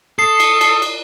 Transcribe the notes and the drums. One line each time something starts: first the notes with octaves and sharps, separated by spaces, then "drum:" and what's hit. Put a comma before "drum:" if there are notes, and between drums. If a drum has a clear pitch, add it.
A4 D#6 C7
drum: cymbal
drum: cymbal
drum: cymbal